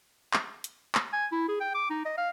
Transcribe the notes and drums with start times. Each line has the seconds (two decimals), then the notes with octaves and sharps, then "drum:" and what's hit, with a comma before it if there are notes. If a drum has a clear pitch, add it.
0.33 drum: clap
0.64 drum: hi-hat
0.95 drum: clap
1.13 G#5
1.32 E4
1.49 G#4
1.60 G5
1.75 D6
1.90 D#4
2.06 D#5
2.18 F5